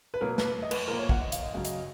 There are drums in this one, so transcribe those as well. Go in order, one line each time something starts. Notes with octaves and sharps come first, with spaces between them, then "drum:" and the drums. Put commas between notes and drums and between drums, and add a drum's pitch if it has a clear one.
B4
B2 F#3 A#3 A#4
B4, drum: snare
D#5
B4, drum: cymbal
A#2 F3 A#3 A#4
C#5
F#5, drum: kick
D#5
F5, drum: hi-hat
D#5
F#2 C#3 F#3 F5
D#5, drum: hi-hat